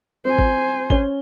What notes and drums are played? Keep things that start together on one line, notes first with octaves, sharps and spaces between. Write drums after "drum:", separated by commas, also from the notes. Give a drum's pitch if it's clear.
C4 C5 G#5
drum: kick G#1
C#4 G7, drum: kick G#1